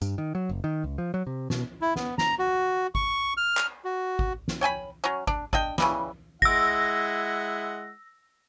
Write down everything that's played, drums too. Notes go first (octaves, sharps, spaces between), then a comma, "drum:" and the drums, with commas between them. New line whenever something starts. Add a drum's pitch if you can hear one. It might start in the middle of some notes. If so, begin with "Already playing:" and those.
G2, drum: tambourine
D#3
F#3
F#1
D#3
C#2
F3
F#3
C3
B2, drum: snare
E4
B3, drum: snare
A#5, drum: snare
F#4
C#6, drum: kick G#1
F6
drum: clap
F#4
drum: kick G#1
drum: snare
C#5 G5 G#5 B5
F#3 C#4
D4, drum: kick G#1
D4 D#5 G5, drum: kick G#1
C#3 E3 G3, drum: snare
G#3 E4 F#5 E6 A#6, drum: kick G#1